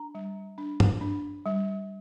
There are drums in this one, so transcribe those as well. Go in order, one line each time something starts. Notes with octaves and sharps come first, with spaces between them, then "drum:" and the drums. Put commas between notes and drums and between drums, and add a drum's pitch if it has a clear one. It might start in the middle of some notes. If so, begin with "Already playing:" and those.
Already playing: D4 A#5
G3
D4
drum: tom G2
D4
G3